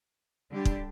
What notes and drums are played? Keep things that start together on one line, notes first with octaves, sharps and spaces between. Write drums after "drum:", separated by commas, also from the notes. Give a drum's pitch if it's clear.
D3 G3 D4 G4
drum: kick